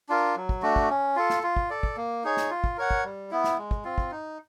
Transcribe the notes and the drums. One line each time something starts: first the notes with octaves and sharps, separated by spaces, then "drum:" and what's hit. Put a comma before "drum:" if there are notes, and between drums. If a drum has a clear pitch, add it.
D4 F4 A#4
F#3
drum: kick
A3 D4 F#4
drum: kick
C#4
F4 A4
drum: snare
F4
drum: kick
A4 D5
drum: kick
A#3
D#4 G#4 C#5
drum: snare
F4
drum: kick
A#4 C#5 F#5
drum: kick
G3
B3 E4
drum: snare
G#3
drum: kick
C4 F4
drum: kick
D#4